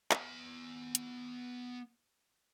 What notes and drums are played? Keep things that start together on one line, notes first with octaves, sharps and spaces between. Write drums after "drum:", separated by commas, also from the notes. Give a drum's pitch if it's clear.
B3 G#5, drum: clap
drum: hi-hat